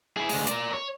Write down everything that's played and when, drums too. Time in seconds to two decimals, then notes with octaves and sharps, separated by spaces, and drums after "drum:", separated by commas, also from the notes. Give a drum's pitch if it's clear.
0.17 E4 G#4
0.29 D2 G#3, drum: open hi-hat
0.47 A#4 D5, drum: hi-hat
0.73 C#5